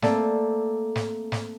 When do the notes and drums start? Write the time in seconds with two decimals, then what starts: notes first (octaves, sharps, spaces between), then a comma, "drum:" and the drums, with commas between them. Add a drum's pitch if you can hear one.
0.02 A3 A#3 C4 A4 D5, drum: snare
0.96 drum: snare
1.32 drum: snare